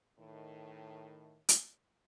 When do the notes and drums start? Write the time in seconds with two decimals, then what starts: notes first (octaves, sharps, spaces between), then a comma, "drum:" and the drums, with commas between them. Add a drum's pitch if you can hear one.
0.18 A2 D#3
1.49 drum: hi-hat